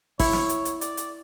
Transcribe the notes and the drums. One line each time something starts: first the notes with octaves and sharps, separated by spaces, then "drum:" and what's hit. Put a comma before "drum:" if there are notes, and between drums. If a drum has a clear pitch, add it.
E4 C#5, drum: kick G#1, open hi-hat
drum: snare
drum: hi-hat
drum: hi-hat
D5, drum: hi-hat
drum: hi-hat